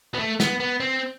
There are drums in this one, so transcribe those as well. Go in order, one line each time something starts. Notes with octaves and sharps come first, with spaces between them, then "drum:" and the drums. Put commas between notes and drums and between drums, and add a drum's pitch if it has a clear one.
B3
A3
B3, drum: snare
B3
C4